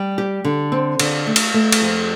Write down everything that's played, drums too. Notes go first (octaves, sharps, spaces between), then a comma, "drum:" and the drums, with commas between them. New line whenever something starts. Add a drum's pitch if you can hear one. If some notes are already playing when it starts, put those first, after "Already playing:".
Already playing: G3
G4
D3
C4
D3, drum: cymbal
A3
drum: cymbal
A3
drum: cymbal
F2